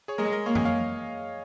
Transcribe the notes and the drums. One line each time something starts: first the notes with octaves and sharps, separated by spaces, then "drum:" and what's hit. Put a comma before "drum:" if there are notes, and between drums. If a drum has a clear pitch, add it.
G#4 C#5
G#3 A#4 D#5
A#4 D#5
A#3 C#5 F5
D#5 G#5, drum: tom F#2
C#5 F5